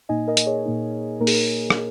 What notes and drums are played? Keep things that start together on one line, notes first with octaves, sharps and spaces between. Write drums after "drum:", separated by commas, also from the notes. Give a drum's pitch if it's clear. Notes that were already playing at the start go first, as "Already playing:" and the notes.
A#2 A#3 D#4 D#5 G#5
A#4 D#5
drum: hi-hat
G#4 C#5
A#2 A#3 D#4
A#2 A#3 D#4 A#4
G#4, drum: open hi-hat
A#4
drum: rim click